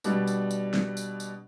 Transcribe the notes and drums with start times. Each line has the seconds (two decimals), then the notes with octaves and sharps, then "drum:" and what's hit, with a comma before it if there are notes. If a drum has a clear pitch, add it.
0.04 B2 G3 D4, drum: tambourine
0.27 drum: tambourine
0.51 drum: tambourine
0.74 drum: snare
0.97 drum: tambourine
1.20 drum: tambourine